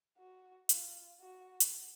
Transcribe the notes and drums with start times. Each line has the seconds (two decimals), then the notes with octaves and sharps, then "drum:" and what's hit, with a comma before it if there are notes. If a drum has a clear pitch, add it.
0.18 F#4
0.69 F4, drum: hi-hat
1.19 F#4
1.60 drum: hi-hat